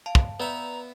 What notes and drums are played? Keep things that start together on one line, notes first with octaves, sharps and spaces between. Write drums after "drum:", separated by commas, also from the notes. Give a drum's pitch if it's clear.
F5 A5
drum: kick
B3 B4 D5 E5 A#5